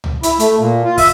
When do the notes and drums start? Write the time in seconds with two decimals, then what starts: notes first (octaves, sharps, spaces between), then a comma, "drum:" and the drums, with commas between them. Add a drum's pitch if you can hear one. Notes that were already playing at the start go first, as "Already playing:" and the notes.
0.04 drum: tom C#2
0.23 E4, drum: hi-hat
0.39 A3, drum: hi-hat
0.59 A#2
0.84 F4
0.98 E5, drum: kick, open hi-hat